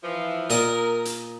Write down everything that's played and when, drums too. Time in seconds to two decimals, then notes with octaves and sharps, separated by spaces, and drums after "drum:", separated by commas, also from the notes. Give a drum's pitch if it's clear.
0.04 E3 F3
0.50 A#2 A#4 D#5 D#6, drum: hi-hat
1.05 drum: hi-hat